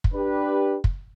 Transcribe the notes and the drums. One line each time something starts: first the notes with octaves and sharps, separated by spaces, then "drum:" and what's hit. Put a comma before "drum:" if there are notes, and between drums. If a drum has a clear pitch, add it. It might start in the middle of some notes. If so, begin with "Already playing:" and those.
drum: kick
D4 G4 B4
drum: kick